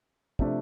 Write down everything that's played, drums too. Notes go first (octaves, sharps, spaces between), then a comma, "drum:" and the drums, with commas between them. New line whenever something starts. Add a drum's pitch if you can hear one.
C3 F3 A3 D4, drum: kick